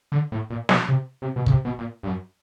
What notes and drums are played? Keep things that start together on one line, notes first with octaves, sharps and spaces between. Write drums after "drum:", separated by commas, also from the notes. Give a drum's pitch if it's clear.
D3
A2
A#2
B2, drum: snare
C3
C3
B2
C#3, drum: kick
C3
B2
A#2
G2
F#2